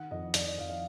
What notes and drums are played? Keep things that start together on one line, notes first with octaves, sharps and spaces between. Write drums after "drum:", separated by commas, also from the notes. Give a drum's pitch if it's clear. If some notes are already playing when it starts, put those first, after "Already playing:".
Already playing: D#3 F#5
F2 D#5
F2 D5, drum: hi-hat
D#5
F2 F5
F5